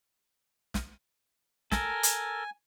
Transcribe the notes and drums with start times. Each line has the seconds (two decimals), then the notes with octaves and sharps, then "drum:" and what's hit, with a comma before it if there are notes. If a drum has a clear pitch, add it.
0.74 drum: snare
1.72 A4 A#4 G#5, drum: snare
2.03 drum: hi-hat